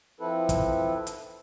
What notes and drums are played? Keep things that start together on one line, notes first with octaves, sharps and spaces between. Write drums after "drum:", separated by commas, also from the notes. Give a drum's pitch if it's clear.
F3 C4 E4 A4 B4
drum: kick, hi-hat
drum: hi-hat